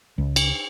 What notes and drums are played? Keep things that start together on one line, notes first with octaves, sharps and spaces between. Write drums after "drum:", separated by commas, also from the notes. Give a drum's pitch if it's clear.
C#2
drum: cymbal